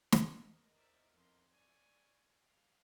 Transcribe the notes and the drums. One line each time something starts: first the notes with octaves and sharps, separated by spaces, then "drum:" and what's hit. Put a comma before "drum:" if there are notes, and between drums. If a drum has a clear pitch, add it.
drum: snare
E2 A#4 D#5
C5 D5 E5
F2 D#3 C6
C#5 D5 G#5 E6
E3 G3 F5 G#5